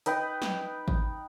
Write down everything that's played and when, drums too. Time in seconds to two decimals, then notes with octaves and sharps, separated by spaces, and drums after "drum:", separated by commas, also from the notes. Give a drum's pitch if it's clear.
0.06 D#4 B4 G5, drum: hi-hat
0.42 drum: snare
0.88 drum: kick